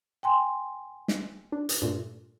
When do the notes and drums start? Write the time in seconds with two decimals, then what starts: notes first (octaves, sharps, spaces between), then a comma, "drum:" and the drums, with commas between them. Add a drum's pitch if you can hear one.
0.23 G5 G#5 C6
1.08 drum: snare
1.52 D4
1.69 drum: hi-hat
1.82 G2 A#2 A3